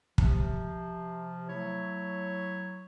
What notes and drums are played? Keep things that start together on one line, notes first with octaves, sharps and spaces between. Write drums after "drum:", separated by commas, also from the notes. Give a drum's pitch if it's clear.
C3 F3, drum: kick
F#3 A3 E4 C#5